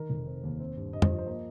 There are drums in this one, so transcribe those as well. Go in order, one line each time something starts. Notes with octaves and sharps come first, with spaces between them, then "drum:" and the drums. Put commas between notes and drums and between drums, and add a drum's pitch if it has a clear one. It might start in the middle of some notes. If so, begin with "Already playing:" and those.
Already playing: D#3 A#4
F1
C4
D#2
C4
G2
G2 D#5
C5, drum: tom F2
F3 D#5
C5
A#3 D#5